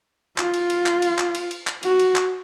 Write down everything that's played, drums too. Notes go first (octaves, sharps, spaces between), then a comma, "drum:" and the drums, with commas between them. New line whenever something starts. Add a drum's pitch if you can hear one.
F4, drum: clap
drum: cymbal
drum: cymbal
drum: clap
drum: cymbal
drum: clap
drum: cymbal
drum: cymbal
drum: clap
F#4, drum: cymbal
drum: cymbal
drum: clap